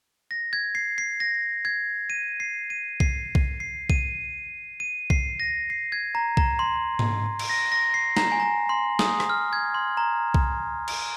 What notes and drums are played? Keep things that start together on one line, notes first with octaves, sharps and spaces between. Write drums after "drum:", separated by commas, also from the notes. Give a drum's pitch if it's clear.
A#6
G#6
C7
C7
A#6
G#6
D#7
C7
D#7
C7, drum: kick B1
drum: kick B1
C7
D#7, drum: kick B1
D#7
C7, drum: kick B1
A#6
C7
G#6
A#5
A#5, drum: kick B1
C6
drum: tom G#2
drum: cymbal
A#6
A#6
C7
A#5, drum: snare
G#5
A#5
C6
D#6, drum: snare
drum: rim click
F6
G#6
C6
A#5
drum: kick B1
drum: cymbal